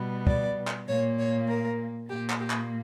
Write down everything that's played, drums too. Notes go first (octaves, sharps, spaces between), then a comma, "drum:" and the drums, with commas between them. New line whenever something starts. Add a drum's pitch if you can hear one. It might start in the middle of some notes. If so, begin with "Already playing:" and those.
Already playing: B2 G3 B3
D5, drum: kick
drum: clap
A#2 A#3 C#5
C#5
A#4
A#2 A#3 G4
drum: clap
G4
drum: clap